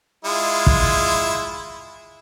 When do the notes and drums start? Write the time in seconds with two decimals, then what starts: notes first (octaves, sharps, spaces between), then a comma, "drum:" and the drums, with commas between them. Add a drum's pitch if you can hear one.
0.25 G#3 E4 F4
0.67 drum: kick